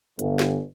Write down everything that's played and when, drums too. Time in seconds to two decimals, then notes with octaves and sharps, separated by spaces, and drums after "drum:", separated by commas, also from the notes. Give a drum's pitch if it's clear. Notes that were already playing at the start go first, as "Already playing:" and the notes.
0.19 G1, drum: hi-hat
0.39 drum: snare